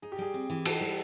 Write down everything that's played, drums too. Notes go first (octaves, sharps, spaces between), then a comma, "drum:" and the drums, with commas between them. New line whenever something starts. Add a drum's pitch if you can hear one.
D#4 G#4
G4
G3 G#4
C4
E3
D#4 A4, drum: cymbal
G3